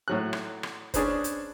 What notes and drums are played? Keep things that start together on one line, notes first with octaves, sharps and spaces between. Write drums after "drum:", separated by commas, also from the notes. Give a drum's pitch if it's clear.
A2 F#3 F#6
drum: rim click
drum: rim click
C#4 D4 G#4 B4 C5, drum: kick F#1, hi-hat
drum: hi-hat